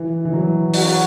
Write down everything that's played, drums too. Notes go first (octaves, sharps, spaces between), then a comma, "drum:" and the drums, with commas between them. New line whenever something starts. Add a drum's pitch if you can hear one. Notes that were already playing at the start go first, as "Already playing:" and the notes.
Already playing: E3
E3
F#3
F#4, drum: open hi-hat